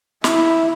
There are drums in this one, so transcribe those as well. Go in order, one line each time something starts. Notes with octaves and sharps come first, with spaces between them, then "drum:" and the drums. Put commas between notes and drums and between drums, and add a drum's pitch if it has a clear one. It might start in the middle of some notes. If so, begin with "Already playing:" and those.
E4, drum: snare